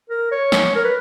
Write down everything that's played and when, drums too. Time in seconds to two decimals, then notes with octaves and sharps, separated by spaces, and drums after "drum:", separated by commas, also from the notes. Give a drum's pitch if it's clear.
0.10 A#4
0.31 C#5
0.52 drum: snare
0.75 A#4
0.84 B4